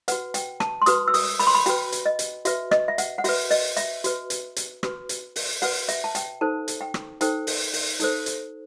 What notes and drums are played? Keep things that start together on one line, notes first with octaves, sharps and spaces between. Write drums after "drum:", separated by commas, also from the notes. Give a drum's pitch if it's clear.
F#4 B4 F#5, drum: hi-hat
G5, drum: hi-hat
A5, drum: rim click
C6
F#4 B4 D#6, drum: hi-hat
E6
D#6, drum: open hi-hat
B5, drum: open hi-hat
C6
B5
F#4 B4 G5, drum: hi-hat
drum: hi-hat
D#5
drum: hi-hat
F#4 B4 E5, drum: hi-hat
D#5, drum: rim click
E5
F#5, drum: hi-hat
F#5
F#4 B4 E5, drum: open hi-hat
D#5, drum: open hi-hat
E5, drum: hi-hat
F#4 B4, drum: hi-hat
drum: hi-hat
drum: hi-hat
F#4 B4, drum: rim click
drum: hi-hat
drum: open hi-hat
F#4 B4 F#5, drum: open hi-hat
E5, drum: hi-hat
A5
G5, drum: hi-hat
D#4 A4 C5 A5
drum: hi-hat
G5
drum: rim click
D#4 A4 C5 G5, drum: hi-hat
drum: open hi-hat
drum: open hi-hat
D#4 A4 C5, drum: hi-hat
drum: hi-hat